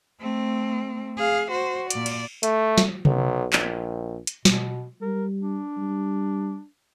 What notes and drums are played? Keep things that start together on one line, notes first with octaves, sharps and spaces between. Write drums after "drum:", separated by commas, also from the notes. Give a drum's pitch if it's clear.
A3 C4
G#4 F5
F#4 C5
A#2 D5, drum: hi-hat
drum: cymbal
A3, drum: hi-hat
drum: snare
B1, drum: tom C3
A#1, drum: clap
drum: hi-hat
B2, drum: snare
G3 A#4
D4
G3